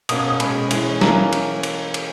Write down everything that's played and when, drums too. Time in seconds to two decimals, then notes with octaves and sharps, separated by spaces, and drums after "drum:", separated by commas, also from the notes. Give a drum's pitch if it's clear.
0.09 B2 A#3 C#4 D#6, drum: cymbal
0.19 D#6
0.30 D#6
0.40 B2 G#3 C#4 B5, drum: cymbal
0.71 E3 G#3 C#4, drum: cymbal
1.01 E3 A#3 C#4 A#5, drum: snare
1.33 drum: cymbal
1.63 drum: cymbal
1.94 drum: cymbal